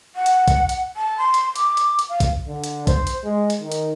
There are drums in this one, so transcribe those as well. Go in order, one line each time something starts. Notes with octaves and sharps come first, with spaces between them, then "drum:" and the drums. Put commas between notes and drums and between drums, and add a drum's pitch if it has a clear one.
F#5
drum: hi-hat
drum: kick, hi-hat
drum: hi-hat
A5
C6
drum: hi-hat
D6, drum: hi-hat
drum: hi-hat
drum: hi-hat
F5
drum: kick, hi-hat
D3
drum: hi-hat
C5, drum: kick, hi-hat
drum: hi-hat
G#3
drum: hi-hat
D#3
drum: hi-hat